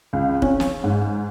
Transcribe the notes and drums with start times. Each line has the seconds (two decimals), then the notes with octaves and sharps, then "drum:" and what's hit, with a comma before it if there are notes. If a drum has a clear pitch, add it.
0.13 C#2
0.42 C#4, drum: kick
0.60 drum: snare
0.84 G#2